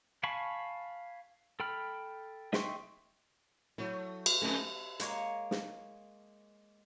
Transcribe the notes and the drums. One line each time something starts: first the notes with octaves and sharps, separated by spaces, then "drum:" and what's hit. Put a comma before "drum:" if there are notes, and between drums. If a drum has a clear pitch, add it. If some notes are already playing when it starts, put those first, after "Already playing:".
F5 G#5 A5 B5 C#6
A4 G5 B5 F6
D#5 E5 G5 C6 C#6, drum: snare
F#3 A3 E4
drum: cymbal
F2 A3 B3 D#4
G#3 A#3 C#5, drum: hi-hat
drum: snare